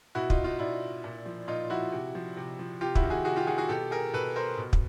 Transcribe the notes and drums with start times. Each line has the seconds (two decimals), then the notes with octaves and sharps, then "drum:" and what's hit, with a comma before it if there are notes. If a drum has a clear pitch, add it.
0.15 B2 E4 F#4
0.30 D#4 F4, drum: kick
0.44 D#4 F4
0.59 B2 D4 E4
1.04 A#2
1.26 F3
1.48 A#2 D#4 F4
1.70 F3 E4 F#4
1.92 C3
2.15 F3
2.37 C3
2.59 F3
2.81 C3 F4 G4
2.95 E4 F#4, drum: kick
3.03 D#3
3.10 F#4 G#4
3.25 C3 F#4 G#4
3.36 F4 G4
3.47 D#3 F#4 G#4
3.58 F#4 G#4
3.69 B2 G4 A4
3.91 G#4 A#4
4.14 B2 A4 B4
4.36 A#4 C5
4.58 B2
4.73 drum: kick